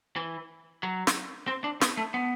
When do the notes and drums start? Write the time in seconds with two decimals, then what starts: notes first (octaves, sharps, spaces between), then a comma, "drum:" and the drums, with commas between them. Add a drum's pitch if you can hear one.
0.16 E3
0.83 F#3
1.07 drum: snare
1.48 C4
1.64 D4
1.81 B3, drum: snare
1.97 A3
2.14 B3